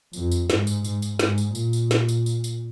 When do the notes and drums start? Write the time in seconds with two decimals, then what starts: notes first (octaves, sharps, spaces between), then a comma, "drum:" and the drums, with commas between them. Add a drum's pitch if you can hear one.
0.13 F2, drum: tambourine
0.32 drum: tambourine
0.50 G#2, drum: snare
0.67 drum: tambourine
0.85 G#2, drum: tambourine
1.02 drum: tambourine
1.19 G#2, drum: snare
1.38 drum: tambourine
1.55 A#2, drum: tambourine
1.73 drum: tambourine
1.91 drum: snare
2.09 drum: tambourine
2.26 drum: tambourine
2.44 drum: tambourine